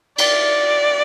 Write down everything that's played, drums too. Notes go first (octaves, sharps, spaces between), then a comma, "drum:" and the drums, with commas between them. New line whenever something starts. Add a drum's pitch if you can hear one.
D5, drum: cymbal